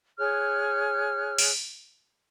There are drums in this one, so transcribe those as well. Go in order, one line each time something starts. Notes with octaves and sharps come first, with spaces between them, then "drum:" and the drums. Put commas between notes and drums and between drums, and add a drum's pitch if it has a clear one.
G#4 C#5 F6 F#6
drum: open hi-hat